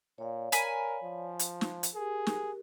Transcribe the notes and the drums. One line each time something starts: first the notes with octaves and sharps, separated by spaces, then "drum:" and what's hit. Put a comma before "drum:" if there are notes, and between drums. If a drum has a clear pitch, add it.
A#2 C#5 D5 F5
A#4 G#5 B5, drum: hi-hat
F3
drum: hi-hat
drum: snare
drum: hi-hat
G4 G#4 A#4
drum: snare